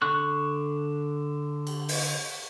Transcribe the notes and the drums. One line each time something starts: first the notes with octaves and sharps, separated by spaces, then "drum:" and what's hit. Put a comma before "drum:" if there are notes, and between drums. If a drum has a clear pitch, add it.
D3 C#6 F#6
drum: cymbal
drum: open hi-hat